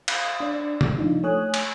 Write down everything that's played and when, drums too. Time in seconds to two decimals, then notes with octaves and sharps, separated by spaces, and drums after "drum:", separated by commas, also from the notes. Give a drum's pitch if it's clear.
0.08 F5 B5 D#6, drum: cymbal
0.40 D4 D5
0.81 drum: tom
0.98 F3 D4 D#4 F4
1.23 A3 C#5 G#5 D#6 F#6
1.54 drum: cymbal